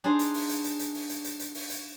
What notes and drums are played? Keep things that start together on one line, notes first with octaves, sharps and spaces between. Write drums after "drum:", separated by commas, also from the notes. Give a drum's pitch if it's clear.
D4 D#4 G#4 C5
drum: hi-hat
drum: open hi-hat
drum: hi-hat
drum: hi-hat
drum: hi-hat
drum: open hi-hat
drum: hi-hat
drum: hi-hat
drum: hi-hat
drum: open hi-hat
drum: hi-hat